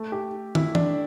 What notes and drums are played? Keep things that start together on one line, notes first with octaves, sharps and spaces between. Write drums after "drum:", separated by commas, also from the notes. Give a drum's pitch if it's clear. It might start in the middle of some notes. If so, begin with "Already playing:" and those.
Already playing: A3
G4
E4, drum: tom
D4, drum: tom E3